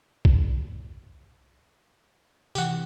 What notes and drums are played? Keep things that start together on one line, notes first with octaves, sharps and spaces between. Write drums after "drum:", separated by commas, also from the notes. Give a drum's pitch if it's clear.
drum: kick
C3 E3 G4 F#5, drum: tambourine